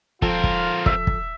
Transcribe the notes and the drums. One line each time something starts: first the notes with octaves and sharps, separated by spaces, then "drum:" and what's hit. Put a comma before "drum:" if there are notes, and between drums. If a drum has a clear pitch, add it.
F3 C4 F4 A4 A#4, drum: kick
drum: kick
E5, drum: kick
drum: kick